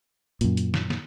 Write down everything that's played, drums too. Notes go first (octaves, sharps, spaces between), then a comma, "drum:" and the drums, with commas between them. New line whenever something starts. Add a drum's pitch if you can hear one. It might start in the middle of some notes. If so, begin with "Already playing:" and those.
F#2 A#2, drum: hi-hat
drum: hi-hat
drum: snare
drum: snare